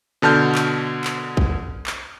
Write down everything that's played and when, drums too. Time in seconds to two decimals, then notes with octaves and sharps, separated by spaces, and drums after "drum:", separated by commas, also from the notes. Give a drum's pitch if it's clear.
0.22 B2 D3 A5 F6 G6
0.55 drum: clap
1.04 drum: clap
1.37 drum: kick
1.86 drum: clap